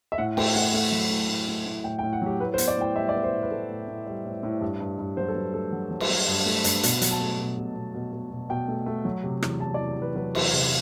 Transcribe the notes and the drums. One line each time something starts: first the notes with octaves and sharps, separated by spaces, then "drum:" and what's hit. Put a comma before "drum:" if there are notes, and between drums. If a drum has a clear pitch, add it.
E5
A2 F#5
A3 G5, drum: cymbal
A3 F#5
A3 F#5
F#3
A2
A2
A3
A2
A2 G5
G5
A2
F#5
F#3 G4
A2 B4
C5
B3, drum: hi-hat
D5
A2 G5
G3 E5
D5
B3
C5
A2
B4
A2 A4
A2
A2
G3
A2
A2
G2
G2
G2
F#3 C5
A4
F#3 B4
A3 A4
F#3
F#3
drum: cymbal
F#3
G2
A3
G2, drum: hi-hat
B2, drum: hi-hat
F#3, drum: hi-hat
A5
A3
B2
B2
B2
B2
B2
B2
B2 G5
A3
A3
F#3
C3
E2, drum: rim click
E2 A5
D5
E2
G4
E2 B4
F#3 B4
E2, drum: cymbal
C3